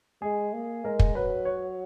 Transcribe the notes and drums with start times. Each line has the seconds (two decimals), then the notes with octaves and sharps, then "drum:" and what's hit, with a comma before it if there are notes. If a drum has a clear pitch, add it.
0.22 G#3 G#4
0.53 A#3
0.84 G#3 A#4
0.99 drum: kick
1.15 F#3 B4
1.45 C#5